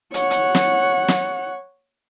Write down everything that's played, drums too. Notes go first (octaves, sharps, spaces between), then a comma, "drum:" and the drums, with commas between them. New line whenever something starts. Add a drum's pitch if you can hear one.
C#5 F#5, drum: hi-hat
drum: hi-hat
drum: snare
drum: snare